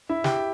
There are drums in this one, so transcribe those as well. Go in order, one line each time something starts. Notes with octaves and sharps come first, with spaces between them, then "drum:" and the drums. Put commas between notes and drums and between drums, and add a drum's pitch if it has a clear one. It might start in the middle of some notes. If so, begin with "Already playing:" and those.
E4 E5
G4 G5, drum: snare